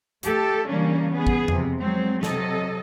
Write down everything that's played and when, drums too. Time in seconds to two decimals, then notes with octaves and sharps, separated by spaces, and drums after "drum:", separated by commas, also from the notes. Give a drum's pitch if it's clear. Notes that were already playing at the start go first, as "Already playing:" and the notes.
0.23 A3 G4 A4, drum: hi-hat
0.68 C#3 E3 G3 A#3 C#4 D4
1.12 B3 G#4
1.27 drum: kick
1.48 F2 C3, drum: tom E2
1.79 F#3 G#3 C4
2.23 C3 F#3 A4 D#5, drum: snare